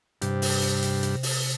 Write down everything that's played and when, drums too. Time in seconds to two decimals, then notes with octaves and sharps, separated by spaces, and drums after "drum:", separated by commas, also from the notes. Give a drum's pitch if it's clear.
0.22 G2 C3, drum: hi-hat
0.42 drum: open hi-hat
0.62 drum: hi-hat
0.82 drum: hi-hat
1.03 drum: hi-hat
1.23 drum: open hi-hat